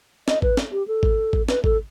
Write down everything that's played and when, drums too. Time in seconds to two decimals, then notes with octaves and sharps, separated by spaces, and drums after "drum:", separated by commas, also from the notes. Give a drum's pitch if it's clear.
0.28 D#5, drum: snare
0.42 B4, drum: kick G#1
0.57 drum: snare
0.72 G4
0.88 A4
1.03 drum: kick G#1
1.33 drum: kick G#1
1.49 B4, drum: snare
1.64 A4, drum: kick G#1